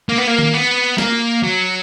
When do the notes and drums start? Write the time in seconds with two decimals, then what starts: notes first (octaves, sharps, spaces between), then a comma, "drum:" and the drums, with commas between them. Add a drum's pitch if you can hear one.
0.09 A#3
0.18 B3
0.27 A#3
0.39 drum: tom D#3
0.54 B3
0.98 A#3, drum: snare
1.43 F#3